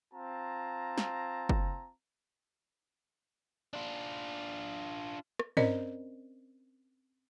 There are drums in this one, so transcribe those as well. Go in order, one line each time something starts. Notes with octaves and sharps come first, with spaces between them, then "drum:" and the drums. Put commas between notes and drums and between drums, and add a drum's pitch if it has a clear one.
C4 F4 A5 A#5
drum: snare
drum: kick
D4 F4
drum: rim click
C4 C#4 A#4 C5 D5 D#5, drum: tom